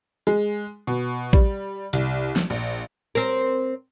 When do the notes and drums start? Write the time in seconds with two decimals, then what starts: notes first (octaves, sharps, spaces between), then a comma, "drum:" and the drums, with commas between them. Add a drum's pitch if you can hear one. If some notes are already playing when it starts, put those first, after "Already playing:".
0.27 G#3
0.87 B2
1.33 G3, drum: kick A1
1.93 C2, drum: hi-hat
2.36 drum: snare
2.50 A#1
3.15 C4 A#4